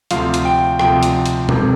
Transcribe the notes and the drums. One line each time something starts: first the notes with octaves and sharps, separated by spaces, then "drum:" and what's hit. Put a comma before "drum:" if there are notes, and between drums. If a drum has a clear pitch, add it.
D2 C3 F3 F5, drum: hi-hat
drum: hi-hat
G5
D2 C3 F3 G5, drum: rim click
drum: hi-hat
drum: hi-hat
F1 F2 C3 D#3, drum: tom B2